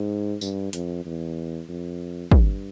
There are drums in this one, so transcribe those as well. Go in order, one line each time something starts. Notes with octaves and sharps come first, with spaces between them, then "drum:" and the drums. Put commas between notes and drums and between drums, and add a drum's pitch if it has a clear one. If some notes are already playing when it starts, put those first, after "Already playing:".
Already playing: G#2
G2, drum: tambourine
F2, drum: hi-hat
E2
F2
G2, drum: kick